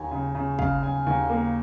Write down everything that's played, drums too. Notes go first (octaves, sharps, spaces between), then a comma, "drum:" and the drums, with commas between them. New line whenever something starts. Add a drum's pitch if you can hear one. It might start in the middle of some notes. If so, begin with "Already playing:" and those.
Already playing: D#2 G#5
C#3
C#3
C#3 F5, drum: kick
C#3 G#5
D#2 G#5
A#3